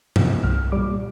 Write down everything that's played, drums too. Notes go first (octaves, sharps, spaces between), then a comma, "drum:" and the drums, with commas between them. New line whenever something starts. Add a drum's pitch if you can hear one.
C3 F3, drum: tom G2
C2 F6
A#2 G3 D6